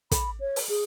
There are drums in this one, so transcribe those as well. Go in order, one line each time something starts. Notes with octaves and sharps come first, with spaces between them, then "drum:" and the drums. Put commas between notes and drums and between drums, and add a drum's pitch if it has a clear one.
B5, drum: kick, hi-hat
C#5
drum: open hi-hat
G#4